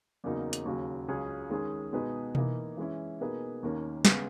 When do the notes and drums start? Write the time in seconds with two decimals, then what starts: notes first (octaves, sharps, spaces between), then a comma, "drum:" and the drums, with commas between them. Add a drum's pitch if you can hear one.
0.24 E2 C#3 F#3 A#3 D#4
0.53 drum: hi-hat
0.65 D#2 C#3 F#3
1.08 C#2 C#3 F#3 C#4 G#4
1.50 D#3 G#3 C#4 G#4
1.93 B2 G#3 D#4 G#4 B4
2.35 E3 A#3 D#4, drum: tom B2
2.77 E3 G#3 C#4 E4
3.20 B2 A#3 D#4 G#4 B4
3.63 D#2 D#3 A#3 C#4
4.05 C#3 G#3 B3, drum: snare